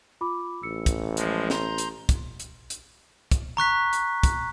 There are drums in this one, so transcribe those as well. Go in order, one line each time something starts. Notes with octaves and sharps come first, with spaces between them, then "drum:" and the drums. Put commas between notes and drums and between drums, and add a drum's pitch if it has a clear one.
F4 B5 D6
A1 E6 C#7
drum: kick, hi-hat
F3 G#3, drum: hi-hat
A#5 C6 G6, drum: snare
drum: hi-hat
drum: kick, hi-hat
drum: hi-hat
drum: hi-hat
drum: kick, hi-hat
A#5 C#6 F#6 B6
drum: hi-hat
drum: kick, hi-hat